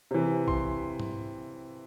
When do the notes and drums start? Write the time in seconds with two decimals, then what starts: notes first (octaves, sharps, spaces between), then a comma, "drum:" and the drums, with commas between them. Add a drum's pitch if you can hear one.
0.11 C3 E3
0.48 C6, drum: kick
1.00 drum: tom G#2